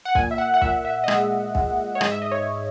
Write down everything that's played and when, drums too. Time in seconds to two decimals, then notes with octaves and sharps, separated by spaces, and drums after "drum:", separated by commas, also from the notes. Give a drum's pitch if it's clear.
0.05 F#5
0.15 A#2 G#5, drum: kick
0.31 E5
0.38 F#5
0.54 F#5
0.61 A#2 E5, drum: kick
0.85 E5
1.04 D#5
1.08 G#3 E5, drum: rim click
1.55 G#3, drum: kick
1.95 C#5
2.01 G#2 D#5, drum: rim click
2.12 E5
2.22 D#5
2.32 C#5